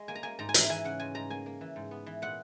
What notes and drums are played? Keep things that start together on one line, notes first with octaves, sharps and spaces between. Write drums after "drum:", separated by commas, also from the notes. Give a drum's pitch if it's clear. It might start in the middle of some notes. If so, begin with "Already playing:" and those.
Already playing: G#3
A#3 G#5
A#5
A#3 G#5
G#2 A#5
G#5
E3 A#5, drum: hi-hat
E3 G#5
C#3 F#5
G#2 G#5
G#2 A#5
A#3 G#5
A#3
E3
G#2
B3
E3
A#2 F#5